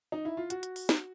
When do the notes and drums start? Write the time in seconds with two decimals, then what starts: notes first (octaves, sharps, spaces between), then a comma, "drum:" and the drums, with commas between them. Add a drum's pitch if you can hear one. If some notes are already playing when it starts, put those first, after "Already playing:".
0.12 D#4
0.25 E4
0.37 F4
0.50 F#4, drum: hi-hat
0.63 drum: hi-hat
0.76 drum: open hi-hat
0.89 drum: snare